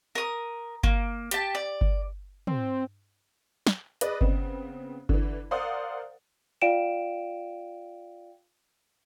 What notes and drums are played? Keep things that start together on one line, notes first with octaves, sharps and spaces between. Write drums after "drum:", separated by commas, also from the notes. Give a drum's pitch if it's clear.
A#4 D#6
A#3, drum: kick G1
G4 A5, drum: hi-hat
D5
drum: kick G1
C4, drum: tom
drum: snare
G#4 B4 D5 D#5, drum: hi-hat
C#3 B3 C4, drum: kick G1
D3 E3, drum: kick G1
A#4 C5 D5 F5 F#5 D#6
F4 D5 F5 G5 D7 E7